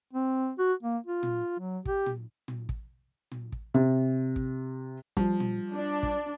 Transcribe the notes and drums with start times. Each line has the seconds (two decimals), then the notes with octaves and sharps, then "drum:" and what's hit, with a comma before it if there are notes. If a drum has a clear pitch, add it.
0.13 C4
0.59 F#4
0.83 A#3
1.06 F4
1.23 drum: tom A#2
1.59 F#3
1.85 G4, drum: kick
2.06 drum: tom A#2
2.48 drum: tom A#2
2.69 drum: kick
3.32 drum: tom A#2
3.52 drum: kick
3.74 C3
4.36 drum: kick
5.17 F3 G3, drum: kick
5.40 drum: tom A#2
5.73 D4
6.03 drum: kick